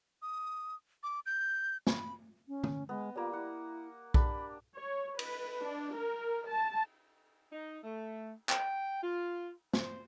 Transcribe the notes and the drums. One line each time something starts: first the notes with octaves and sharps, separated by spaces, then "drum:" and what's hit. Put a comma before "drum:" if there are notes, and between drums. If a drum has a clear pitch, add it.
D#6
D6
G6
B5, drum: snare
C#4
drum: tom
G#3 B3 D#5
G3 A#3 F4
E4 F#5
D4 G4 B5, drum: kick B1
C#5
B4, drum: cymbal
D4
A#4
A5
D#4
A3
G5, drum: clap
F4
C5, drum: snare